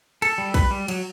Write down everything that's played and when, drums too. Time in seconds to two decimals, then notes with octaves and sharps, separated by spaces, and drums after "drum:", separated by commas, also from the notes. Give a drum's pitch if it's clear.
0.22 A4, drum: cymbal
0.38 G3
0.54 B4, drum: kick, cymbal
0.71 G3
0.88 F#3, drum: cymbal